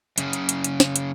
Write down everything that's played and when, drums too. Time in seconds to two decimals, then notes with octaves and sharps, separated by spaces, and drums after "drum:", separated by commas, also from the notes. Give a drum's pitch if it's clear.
0.18 F#2 C#3, drum: hi-hat
0.33 drum: hi-hat
0.49 drum: hi-hat
0.64 drum: hi-hat
0.80 drum: snare
0.96 drum: hi-hat